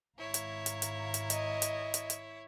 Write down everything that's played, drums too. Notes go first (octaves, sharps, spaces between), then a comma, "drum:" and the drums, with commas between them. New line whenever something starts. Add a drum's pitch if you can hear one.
G#1 E4 C#5 F5 A#5
drum: hi-hat
drum: hi-hat
drum: hi-hat
drum: hi-hat
D#5, drum: hi-hat
drum: hi-hat
drum: hi-hat
drum: hi-hat